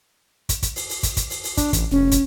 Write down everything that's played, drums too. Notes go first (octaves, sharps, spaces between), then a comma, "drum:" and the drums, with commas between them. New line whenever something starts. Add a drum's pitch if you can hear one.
drum: kick, hi-hat
drum: kick, hi-hat
drum: open hi-hat
drum: open hi-hat
drum: kick, hi-hat
drum: kick, hi-hat
drum: open hi-hat
drum: open hi-hat
D4, drum: kick, hi-hat
A1, drum: kick, hi-hat
F1 C#4
drum: kick, hi-hat